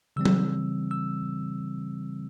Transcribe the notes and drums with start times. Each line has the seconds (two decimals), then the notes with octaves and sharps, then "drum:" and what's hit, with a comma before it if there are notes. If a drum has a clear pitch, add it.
0.16 C#3 E3 G3 C4 E6
0.25 drum: tom F#3
0.91 E6